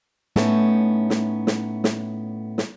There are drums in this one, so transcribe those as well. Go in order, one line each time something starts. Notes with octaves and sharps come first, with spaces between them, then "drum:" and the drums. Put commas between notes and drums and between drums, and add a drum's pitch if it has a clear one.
A2 A3 B3 C#4 D#4 A5, drum: snare
drum: snare
drum: snare
drum: snare
drum: snare